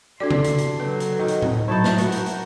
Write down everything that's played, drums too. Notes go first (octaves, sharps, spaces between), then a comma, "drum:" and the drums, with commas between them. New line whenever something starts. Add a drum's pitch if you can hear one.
D4 F#4 G4 A4 D5 C6
drum: tom C#3
drum: hi-hat
drum: hi-hat
F#3 B4 G5
drum: hi-hat
B2 D#3
drum: hi-hat
drum: tom A2
F#3 D#4 E4 A5 B5 G6
drum: snare
F#4 A#4, drum: hi-hat
drum: hi-hat
drum: hi-hat